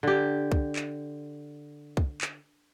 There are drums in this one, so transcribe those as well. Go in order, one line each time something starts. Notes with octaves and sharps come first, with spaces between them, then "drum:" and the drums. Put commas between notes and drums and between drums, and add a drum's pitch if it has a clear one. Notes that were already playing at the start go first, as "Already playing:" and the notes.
D3 G4
drum: kick
drum: clap
drum: kick
drum: clap